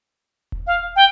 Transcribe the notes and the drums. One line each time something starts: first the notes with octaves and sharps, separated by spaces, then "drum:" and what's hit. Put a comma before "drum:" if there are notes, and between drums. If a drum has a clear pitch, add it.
drum: kick D#1
F5
G5